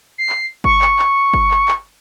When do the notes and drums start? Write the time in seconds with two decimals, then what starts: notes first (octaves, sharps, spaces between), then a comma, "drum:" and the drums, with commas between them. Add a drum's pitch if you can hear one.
0.18 C7
0.29 drum: clap
0.64 C#6, drum: kick G1
0.82 drum: clap
0.99 drum: clap
1.34 drum: kick G1
1.51 drum: clap
1.68 drum: clap